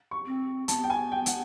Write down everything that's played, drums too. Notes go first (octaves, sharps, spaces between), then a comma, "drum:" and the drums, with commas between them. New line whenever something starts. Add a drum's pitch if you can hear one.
C#6
C4
B3 A5, drum: hi-hat
G5
G#5
G5
F#5, drum: hi-hat